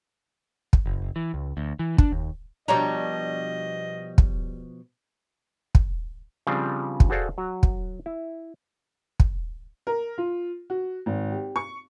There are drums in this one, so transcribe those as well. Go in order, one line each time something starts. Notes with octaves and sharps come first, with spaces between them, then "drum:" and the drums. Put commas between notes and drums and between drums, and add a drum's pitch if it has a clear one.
drum: kick
F#1
E3
C#2
D2
E3
D4, drum: kick
D#2
B2 F3 G3 D4 C#5 D#5 A#5
drum: kick
drum: kick
C#3 F3 G3 C4 D4
drum: kick
F#4 G#4 A4 C5 D5 F5
F#3 F#4
drum: kick
E4
drum: kick
A#4
F4
F#4
G#1
G4
C#6